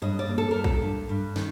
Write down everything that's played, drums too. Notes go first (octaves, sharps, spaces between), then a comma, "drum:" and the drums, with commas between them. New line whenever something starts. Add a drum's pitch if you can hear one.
G2 D#5
D5
A#3
A4
G2 A#4
A4, drum: kick A#1
G2
G2
D#3, drum: snare